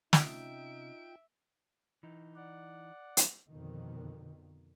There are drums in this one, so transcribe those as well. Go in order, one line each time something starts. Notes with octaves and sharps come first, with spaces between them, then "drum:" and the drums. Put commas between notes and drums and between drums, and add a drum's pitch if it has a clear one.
C3 C#4 D#4 F4 E5 G5 D7, drum: snare
E3 D#4
D5 F#5
drum: hi-hat
F2 B2 D3 D#3